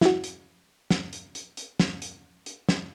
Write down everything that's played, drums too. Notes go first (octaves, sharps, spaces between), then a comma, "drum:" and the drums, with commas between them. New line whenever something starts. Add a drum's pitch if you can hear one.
E4 F#4, drum: snare
drum: hi-hat
drum: snare
drum: hi-hat
drum: hi-hat
drum: hi-hat
drum: snare
drum: hi-hat
drum: hi-hat
drum: snare